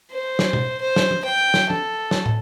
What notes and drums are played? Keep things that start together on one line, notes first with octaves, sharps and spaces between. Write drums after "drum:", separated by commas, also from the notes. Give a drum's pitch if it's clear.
C5
drum: snare
drum: tom B2
C5
drum: snare
drum: tom
G5
drum: snare
A4, drum: tom
drum: snare
drum: tom